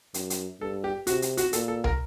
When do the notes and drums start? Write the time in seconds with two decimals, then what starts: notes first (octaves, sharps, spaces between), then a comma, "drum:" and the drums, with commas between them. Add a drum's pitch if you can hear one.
0.14 F#2, drum: hi-hat
0.30 drum: hi-hat
0.60 G2 A4
0.84 G4
1.07 C3 F#4, drum: hi-hat
1.22 drum: hi-hat
1.37 F#4, drum: hi-hat
1.53 A#2 A4, drum: hi-hat
1.68 A4
1.84 A#4, drum: tom